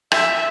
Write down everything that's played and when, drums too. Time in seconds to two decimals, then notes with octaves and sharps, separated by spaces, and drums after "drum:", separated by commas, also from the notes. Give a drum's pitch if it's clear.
0.12 E5, drum: rim click